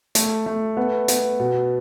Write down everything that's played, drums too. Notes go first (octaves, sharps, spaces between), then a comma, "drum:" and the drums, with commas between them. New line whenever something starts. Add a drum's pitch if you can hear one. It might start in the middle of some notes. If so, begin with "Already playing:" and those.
A3, drum: hi-hat
A3
B3
B3, drum: hi-hat
B2